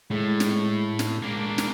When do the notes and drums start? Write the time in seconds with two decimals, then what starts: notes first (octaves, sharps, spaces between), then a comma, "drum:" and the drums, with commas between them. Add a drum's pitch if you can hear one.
0.11 A2 G#3
0.40 drum: snare
0.99 drum: snare
1.23 G#3 A#3 D4
1.58 drum: snare